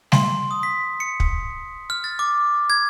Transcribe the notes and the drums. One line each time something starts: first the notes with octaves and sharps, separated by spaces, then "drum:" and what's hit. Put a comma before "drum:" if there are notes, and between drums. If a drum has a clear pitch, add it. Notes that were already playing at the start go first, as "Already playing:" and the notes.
C6, drum: snare G3
D#6
B6
C#7
drum: kick
F6
A6
D6
G#6